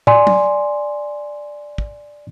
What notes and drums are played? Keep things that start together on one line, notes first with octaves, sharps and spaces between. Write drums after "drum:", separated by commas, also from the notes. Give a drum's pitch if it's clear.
D5 G#5 C6, drum: tom
drum: tom
drum: kick